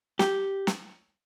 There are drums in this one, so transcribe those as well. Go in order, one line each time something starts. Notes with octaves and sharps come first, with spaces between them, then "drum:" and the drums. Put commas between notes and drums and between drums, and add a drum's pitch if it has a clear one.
G4, drum: snare
drum: snare